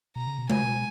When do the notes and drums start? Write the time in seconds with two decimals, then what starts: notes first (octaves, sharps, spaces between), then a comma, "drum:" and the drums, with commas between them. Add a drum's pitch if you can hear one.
0.16 B2 A#5
0.27 C#3
0.39 B2
0.50 C#3 G#5, drum: tom G#3
0.62 B2